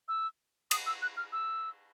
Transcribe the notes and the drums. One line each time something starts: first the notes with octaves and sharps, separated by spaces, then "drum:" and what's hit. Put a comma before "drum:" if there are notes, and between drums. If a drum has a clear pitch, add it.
E6
D#6, drum: cymbal
E6
F#6
F6
E6